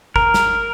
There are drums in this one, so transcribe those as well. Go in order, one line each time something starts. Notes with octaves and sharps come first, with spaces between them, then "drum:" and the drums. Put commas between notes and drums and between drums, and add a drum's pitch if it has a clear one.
A#4, drum: kick
drum: snare